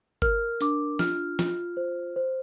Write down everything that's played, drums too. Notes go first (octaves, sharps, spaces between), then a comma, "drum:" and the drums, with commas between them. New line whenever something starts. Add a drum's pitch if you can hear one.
A#4 F6, drum: kick G1
D4 D6, drum: hi-hat
F4 F6, drum: snare
F4, drum: snare
C5
C5